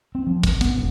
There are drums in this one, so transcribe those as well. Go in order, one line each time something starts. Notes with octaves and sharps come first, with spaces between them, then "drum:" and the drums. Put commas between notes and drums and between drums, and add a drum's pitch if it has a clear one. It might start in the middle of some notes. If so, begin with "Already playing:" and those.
C4
F3
G#1, drum: kick, hi-hat
B3, drum: kick, hi-hat
E1